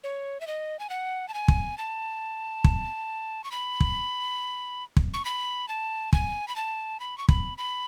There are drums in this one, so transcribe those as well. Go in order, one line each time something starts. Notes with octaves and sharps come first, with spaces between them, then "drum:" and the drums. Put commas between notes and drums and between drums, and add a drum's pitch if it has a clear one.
C#5
E5
D#5
G#5
F#5
A5
G#5
drum: kick
A5
drum: kick
C#6
B5
drum: kick
drum: kick
C#6
B5
A5
G#5, drum: kick
B5
A5
B5
C#6
B5, drum: kick
B5